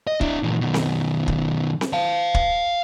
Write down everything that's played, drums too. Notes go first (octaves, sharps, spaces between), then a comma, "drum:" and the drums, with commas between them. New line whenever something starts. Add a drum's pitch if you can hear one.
D#5
D4 E4, drum: kick
A#2 E3
B2 D#3
drum: snare C4
drum: kick
drum: snare C4
F5 A5
drum: kick